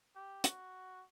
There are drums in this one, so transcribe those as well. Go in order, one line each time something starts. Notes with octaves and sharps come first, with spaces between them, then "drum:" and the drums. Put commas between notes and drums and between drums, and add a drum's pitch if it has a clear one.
G4
F#4, drum: hi-hat